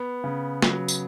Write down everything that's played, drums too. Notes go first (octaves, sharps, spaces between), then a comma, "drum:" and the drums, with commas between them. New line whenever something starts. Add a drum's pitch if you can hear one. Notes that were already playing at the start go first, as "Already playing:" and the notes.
Already playing: B3
C#3
F#3, drum: snare
drum: tambourine